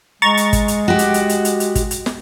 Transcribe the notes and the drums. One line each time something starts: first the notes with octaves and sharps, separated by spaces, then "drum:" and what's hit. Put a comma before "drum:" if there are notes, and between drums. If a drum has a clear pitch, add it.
G#3 A#5 C#6 A6
drum: hi-hat
drum: kick, hi-hat
drum: hi-hat
F#4 G4
drum: hi-hat
drum: hi-hat
drum: hi-hat
drum: hi-hat
drum: hi-hat
drum: kick, hi-hat
drum: hi-hat
drum: snare